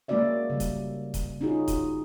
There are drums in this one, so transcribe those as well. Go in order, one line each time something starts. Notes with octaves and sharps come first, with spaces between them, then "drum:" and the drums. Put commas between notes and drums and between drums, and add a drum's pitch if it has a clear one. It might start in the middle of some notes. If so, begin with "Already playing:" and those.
G#3 A#3 C#4 F#4 D5 E5
C#3 G3
drum: kick D#1, hi-hat
drum: kick D#1, hi-hat
C#4 D#4 F4 F#4 G#4
drum: kick D#1, hi-hat